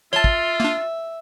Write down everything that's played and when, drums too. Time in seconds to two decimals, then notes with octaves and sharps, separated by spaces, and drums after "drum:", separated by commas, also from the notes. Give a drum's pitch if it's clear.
0.13 F4 C#5 E5 A5 A6 G7
0.24 drum: kick
0.60 A#3 D4